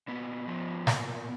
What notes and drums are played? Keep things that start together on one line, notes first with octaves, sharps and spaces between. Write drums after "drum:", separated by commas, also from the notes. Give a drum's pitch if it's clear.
A#2 B3
F3
A#2, drum: snare